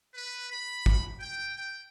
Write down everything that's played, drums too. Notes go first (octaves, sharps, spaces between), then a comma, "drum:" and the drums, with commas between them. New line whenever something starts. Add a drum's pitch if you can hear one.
B4
B5
drum: kick
G5
G5